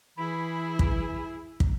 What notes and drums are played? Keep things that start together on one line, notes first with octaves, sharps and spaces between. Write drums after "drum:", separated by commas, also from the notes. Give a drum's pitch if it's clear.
E3 E4 G#4 B5
drum: kick
drum: kick